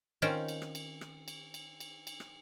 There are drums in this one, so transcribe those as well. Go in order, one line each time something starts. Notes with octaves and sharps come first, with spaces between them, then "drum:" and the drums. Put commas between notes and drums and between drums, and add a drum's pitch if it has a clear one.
D#3 C4 C#4 F4 C5 G5, drum: cymbal
drum: cymbal
drum: rim click
drum: cymbal
drum: rim click
drum: cymbal
drum: cymbal
drum: cymbal
drum: cymbal
drum: rim click